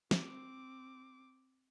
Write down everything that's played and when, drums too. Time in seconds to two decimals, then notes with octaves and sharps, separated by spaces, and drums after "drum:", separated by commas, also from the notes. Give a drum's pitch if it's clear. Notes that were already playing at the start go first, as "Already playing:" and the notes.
0.11 C4 D6, drum: snare